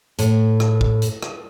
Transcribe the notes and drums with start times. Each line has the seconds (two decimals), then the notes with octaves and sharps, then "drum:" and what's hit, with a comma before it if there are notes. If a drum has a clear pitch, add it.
0.19 A2, drum: hi-hat
0.60 drum: rim click
0.81 drum: kick
1.02 drum: hi-hat
1.23 drum: rim click